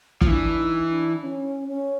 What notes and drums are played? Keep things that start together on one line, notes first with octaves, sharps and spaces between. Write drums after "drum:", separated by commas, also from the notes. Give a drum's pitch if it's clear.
F3, drum: kick
E3 D4
D#4
D4
C#4
C#4